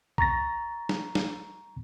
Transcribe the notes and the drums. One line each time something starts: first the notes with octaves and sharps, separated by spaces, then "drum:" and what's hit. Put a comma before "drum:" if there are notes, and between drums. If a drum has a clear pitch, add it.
A#5 C#6 A6 A#6, drum: kick B1
drum: snare
drum: snare